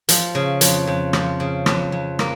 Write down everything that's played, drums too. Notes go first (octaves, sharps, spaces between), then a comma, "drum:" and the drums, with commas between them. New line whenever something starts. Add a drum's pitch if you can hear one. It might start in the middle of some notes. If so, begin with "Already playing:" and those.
F3, drum: hi-hat
C#3
F2, drum: hi-hat
F2
F3, drum: rim click
C#3
F2, drum: rim click
F2
A#3, drum: rim click